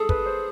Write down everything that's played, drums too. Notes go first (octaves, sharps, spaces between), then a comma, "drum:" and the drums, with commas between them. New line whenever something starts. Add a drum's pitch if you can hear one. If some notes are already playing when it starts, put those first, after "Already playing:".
Already playing: G#4 A4
B4, drum: kick
C5